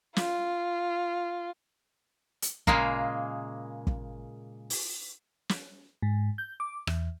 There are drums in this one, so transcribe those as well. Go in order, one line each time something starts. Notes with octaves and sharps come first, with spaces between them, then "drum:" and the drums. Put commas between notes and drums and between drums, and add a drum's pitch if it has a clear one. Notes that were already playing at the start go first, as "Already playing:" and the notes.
F4, drum: snare
drum: hi-hat
A#2 C#3 G#3 A#3, drum: kick
drum: kick
drum: open hi-hat
drum: snare
G#2
G6
D6
E2, drum: rim click